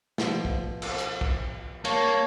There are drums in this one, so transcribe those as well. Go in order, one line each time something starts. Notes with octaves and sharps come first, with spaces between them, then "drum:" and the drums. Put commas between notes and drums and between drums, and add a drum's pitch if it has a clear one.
B2 F3, drum: snare
drum: kick
drum: cymbal
drum: hi-hat
drum: kick
A#3 C#5 A5, drum: cymbal